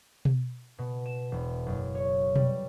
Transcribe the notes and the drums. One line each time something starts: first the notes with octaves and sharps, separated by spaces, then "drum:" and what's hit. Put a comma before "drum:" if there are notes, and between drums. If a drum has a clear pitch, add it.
drum: tom B2
B2
E7
E1
F#1
C#5
G3, drum: tom B2